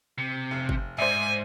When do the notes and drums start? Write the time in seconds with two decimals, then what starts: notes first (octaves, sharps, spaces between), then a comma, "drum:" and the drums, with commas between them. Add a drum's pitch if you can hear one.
0.18 C3
0.51 F1
0.69 drum: kick G1
0.98 G#2 C5 D5 E5 G#5